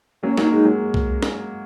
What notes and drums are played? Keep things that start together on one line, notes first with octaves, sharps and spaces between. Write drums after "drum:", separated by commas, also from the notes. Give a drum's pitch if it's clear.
F#3 A#3 C#4
F#3 A#3 D#4, drum: snare
G#3 D#4
F#3
drum: kick
drum: snare